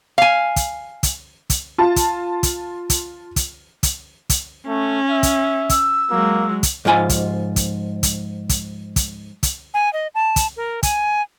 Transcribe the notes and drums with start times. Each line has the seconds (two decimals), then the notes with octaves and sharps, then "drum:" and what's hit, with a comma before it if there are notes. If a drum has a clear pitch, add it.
0.18 F5 G#5
0.56 drum: kick, hi-hat
1.03 drum: kick, hi-hat
1.50 drum: kick, hi-hat
1.78 F4 A5
1.96 drum: kick, hi-hat
2.43 drum: kick, hi-hat
2.90 drum: kick, hi-hat
3.36 drum: kick, hi-hat
3.83 drum: kick, hi-hat
4.30 drum: kick, hi-hat
4.67 A3 C#4
5.10 E5
5.23 drum: kick, hi-hat
5.70 E6, drum: kick, hi-hat
6.10 F#3 G#3 A#3
6.63 drum: kick, hi-hat
6.85 G#2 F3 F4 G#5 B5
7.09 drum: kick, hi-hat
7.56 drum: kick, hi-hat
8.03 drum: kick, hi-hat
8.49 drum: kick, hi-hat
8.96 drum: kick, hi-hat
9.43 drum: kick, hi-hat
9.74 G#5
9.93 D#5
10.15 A5
10.36 drum: kick, hi-hat
10.56 A#4
10.83 G#5, drum: kick, hi-hat